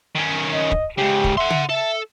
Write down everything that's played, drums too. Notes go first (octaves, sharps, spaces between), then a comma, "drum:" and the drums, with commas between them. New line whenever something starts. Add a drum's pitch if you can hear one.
D#3 C#4
D#5
drum: kick
G#2 C#3 G4
drum: kick
E5 F#5 C6
drum: tom
A4 E5